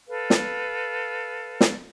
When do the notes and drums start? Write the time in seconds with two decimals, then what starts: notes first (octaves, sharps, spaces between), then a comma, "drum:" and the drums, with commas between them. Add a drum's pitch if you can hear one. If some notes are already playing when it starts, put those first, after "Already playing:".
0.08 A4 B4 F5
0.30 drum: snare
1.61 drum: snare